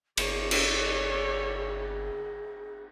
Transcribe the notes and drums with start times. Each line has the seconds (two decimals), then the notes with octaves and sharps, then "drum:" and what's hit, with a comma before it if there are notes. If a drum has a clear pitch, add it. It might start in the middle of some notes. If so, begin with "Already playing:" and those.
0.17 G1 G#4 C#5 D5, drum: cymbal
0.51 drum: cymbal